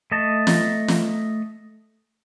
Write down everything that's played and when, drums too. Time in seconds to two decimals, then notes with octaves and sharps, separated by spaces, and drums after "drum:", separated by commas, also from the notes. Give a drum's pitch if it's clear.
0.12 A3 D#5 A5
0.47 drum: snare
0.88 drum: snare